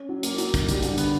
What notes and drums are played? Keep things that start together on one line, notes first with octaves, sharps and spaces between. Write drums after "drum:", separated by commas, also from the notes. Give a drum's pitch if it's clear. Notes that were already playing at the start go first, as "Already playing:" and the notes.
Already playing: C#4
F#3
A#3, drum: hi-hat
F#3, drum: hi-hat
D#3, drum: kick, hi-hat
G3, drum: hi-hat
D3, drum: hi-hat
B3, drum: hi-hat